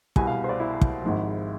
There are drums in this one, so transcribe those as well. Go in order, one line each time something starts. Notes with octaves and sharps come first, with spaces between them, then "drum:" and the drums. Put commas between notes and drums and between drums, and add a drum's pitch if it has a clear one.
C2 B2 G#5, drum: kick
F5
C5
D5
E4
drum: kick
G#1 G#2 F3